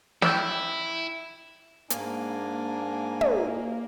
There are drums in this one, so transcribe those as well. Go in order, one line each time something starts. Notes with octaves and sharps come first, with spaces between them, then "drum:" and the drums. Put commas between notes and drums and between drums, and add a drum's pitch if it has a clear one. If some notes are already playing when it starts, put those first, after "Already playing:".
E4 G5 E6, drum: snare
G#2 A#3 D4 G#5, drum: hi-hat
drum: tom